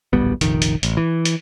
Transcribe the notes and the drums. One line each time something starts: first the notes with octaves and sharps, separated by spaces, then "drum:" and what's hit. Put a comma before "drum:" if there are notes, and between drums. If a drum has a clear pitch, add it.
D1 A#1 G3 B3
F1 A#1 D#3, drum: hi-hat
drum: hi-hat
A1, drum: hi-hat
E3
drum: hi-hat